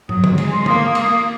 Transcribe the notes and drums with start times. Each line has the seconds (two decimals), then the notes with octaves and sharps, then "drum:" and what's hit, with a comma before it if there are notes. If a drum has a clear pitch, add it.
0.09 F#3 D#6, drum: tom
0.24 drum: tom
0.38 G#3, drum: cymbal
0.52 C6
0.66 A#3 D#6, drum: tom
0.95 D#6, drum: cymbal